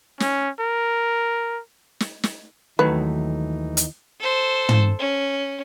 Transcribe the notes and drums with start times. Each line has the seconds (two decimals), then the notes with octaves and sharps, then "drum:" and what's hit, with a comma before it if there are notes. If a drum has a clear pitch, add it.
0.20 C#4, drum: snare
0.60 A#4
2.00 drum: snare
2.23 drum: snare
2.79 D#2 D#3 E3 F#3 A3 D#4 B4
3.77 drum: hi-hat
4.20 A4 C5
4.69 drum: tom
4.99 C#4